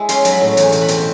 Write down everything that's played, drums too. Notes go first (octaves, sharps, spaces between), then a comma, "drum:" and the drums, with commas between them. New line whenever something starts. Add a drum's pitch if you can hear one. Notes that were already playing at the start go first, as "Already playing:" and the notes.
Already playing: G#3 E4
C#4 C6, drum: hi-hat
F#3, drum: hi-hat
B5
A2
E2 A#5, drum: hi-hat
B2, drum: hi-hat
B5
C4, drum: hi-hat